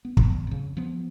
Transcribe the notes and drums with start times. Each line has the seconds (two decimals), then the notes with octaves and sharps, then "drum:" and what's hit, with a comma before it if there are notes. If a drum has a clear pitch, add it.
0.05 B3
0.17 drum: kick
0.47 F2 C#3
0.77 F3 B3